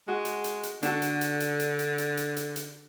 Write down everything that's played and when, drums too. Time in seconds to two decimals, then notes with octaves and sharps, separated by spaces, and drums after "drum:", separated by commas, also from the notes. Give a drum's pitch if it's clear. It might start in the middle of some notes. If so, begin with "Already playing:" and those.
0.08 G#3 F#4
0.25 drum: hi-hat
0.44 drum: hi-hat
0.63 drum: hi-hat
0.83 D3 D4 F#4 A4, drum: hi-hat
1.02 drum: hi-hat
1.21 drum: hi-hat
1.40 drum: hi-hat
1.60 drum: hi-hat
1.79 drum: hi-hat
1.98 drum: hi-hat
2.17 drum: hi-hat
2.36 drum: hi-hat
2.56 drum: hi-hat